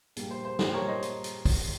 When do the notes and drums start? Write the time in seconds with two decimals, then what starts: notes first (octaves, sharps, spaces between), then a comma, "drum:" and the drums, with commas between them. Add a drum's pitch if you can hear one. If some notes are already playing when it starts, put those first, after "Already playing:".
0.16 A#1 A#2 G3 A#3, drum: hi-hat
0.31 C5
0.45 C5
0.59 A#1 A#2 G3 A#3 C5, drum: snare
0.74 A#4 C#5
0.88 C5 D#5
1.02 drum: hi-hat
1.24 drum: hi-hat
1.45 drum: kick, open hi-hat